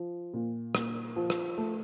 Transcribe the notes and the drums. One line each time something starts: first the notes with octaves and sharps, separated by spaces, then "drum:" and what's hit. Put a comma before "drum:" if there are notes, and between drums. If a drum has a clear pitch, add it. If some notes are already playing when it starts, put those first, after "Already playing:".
Already playing: F3
A#2
A#2, drum: rim click
F3
drum: rim click
A3